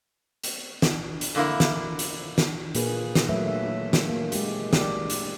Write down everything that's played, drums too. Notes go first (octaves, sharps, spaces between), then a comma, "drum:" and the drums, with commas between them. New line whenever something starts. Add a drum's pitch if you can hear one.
drum: hi-hat
drum: snare
drum: hi-hat
F2 D3 A#3 E4
drum: snare
drum: hi-hat
drum: snare
A#2 A#3 G#4 B4, drum: hi-hat
drum: snare
F#3 A3 A#3 B4 E5
E5
drum: snare
A#3
G#3 G4, drum: hi-hat
G4 D5, drum: snare
drum: hi-hat